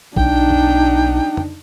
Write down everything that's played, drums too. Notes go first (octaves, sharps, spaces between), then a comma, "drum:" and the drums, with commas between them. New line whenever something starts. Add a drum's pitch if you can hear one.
B1 D4 D#4 G5, drum: kick A#1
drum: tom
drum: tom